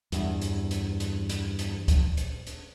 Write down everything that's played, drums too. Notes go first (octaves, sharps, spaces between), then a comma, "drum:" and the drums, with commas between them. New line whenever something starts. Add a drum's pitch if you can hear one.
E2 G2, drum: hi-hat
drum: hi-hat
drum: hi-hat
drum: hi-hat
drum: hi-hat
drum: hi-hat
drum: kick, hi-hat
drum: hi-hat
drum: hi-hat